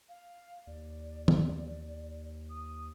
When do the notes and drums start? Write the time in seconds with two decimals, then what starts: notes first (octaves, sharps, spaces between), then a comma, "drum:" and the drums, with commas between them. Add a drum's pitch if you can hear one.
0.09 F5
0.67 D#2 D5
1.28 drum: tom
2.50 D#6